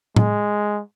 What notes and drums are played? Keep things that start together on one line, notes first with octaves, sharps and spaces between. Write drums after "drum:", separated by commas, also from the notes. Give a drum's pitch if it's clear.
G#3, drum: tom A2